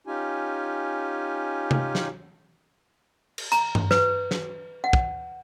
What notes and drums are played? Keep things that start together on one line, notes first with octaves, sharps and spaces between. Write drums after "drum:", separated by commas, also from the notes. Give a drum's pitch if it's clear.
C#4 D#4 F4 G4 G#5
drum: tom C3
drum: snare
drum: cymbal
A#5, drum: hi-hat
drum: tom G2
B4, drum: snare
drum: snare
F#5
drum: kick